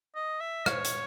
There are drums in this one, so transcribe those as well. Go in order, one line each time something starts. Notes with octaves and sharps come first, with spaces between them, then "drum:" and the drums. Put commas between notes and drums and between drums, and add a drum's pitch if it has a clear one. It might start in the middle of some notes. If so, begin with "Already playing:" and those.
D#5
E5
C#5, drum: rim click
drum: hi-hat